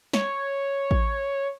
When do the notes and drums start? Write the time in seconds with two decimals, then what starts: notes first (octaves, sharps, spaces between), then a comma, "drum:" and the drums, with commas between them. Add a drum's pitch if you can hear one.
0.13 C#5, drum: snare
0.91 drum: kick A1